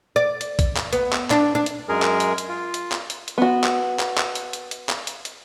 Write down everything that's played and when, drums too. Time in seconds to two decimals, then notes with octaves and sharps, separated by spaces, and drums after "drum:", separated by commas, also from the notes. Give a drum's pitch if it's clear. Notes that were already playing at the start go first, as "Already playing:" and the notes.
0.16 D5
0.41 drum: hi-hat
0.59 drum: kick A#1, hi-hat
0.77 drum: clap
0.93 B3, drum: hi-hat
1.13 drum: clap
1.31 D4, drum: clap
1.55 D4
1.66 drum: hi-hat
1.89 F#2 G#3 G#4 A#4
2.02 drum: clap
2.20 drum: hi-hat
2.38 drum: hi-hat
2.49 F4
2.74 drum: hi-hat
2.92 drum: clap
3.10 drum: hi-hat
3.28 drum: hi-hat
3.38 B3 F#4
3.64 drum: clap
4.00 drum: clap
4.18 drum: clap
4.35 drum: hi-hat
4.53 drum: hi-hat
4.71 drum: hi-hat
4.89 drum: clap
5.07 drum: hi-hat
5.25 drum: hi-hat